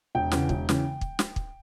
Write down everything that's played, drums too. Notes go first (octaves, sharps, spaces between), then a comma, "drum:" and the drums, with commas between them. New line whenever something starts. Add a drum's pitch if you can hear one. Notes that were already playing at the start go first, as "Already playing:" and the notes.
E1 G5
E2 C#3 E3, drum: snare
E1, drum: kick
C#3 E3, drum: snare
drum: kick
drum: snare
drum: kick